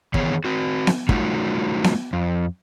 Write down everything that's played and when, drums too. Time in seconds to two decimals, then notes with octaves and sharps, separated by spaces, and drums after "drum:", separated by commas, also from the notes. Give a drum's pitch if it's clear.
0.14 D#3 E3 B3 G#4 C#5, drum: kick
0.45 C4 F#4
0.87 drum: snare B3
1.09 F#3 G3 A3 D#4 F4 F#4, drum: kick
1.84 drum: snare B3
2.13 F2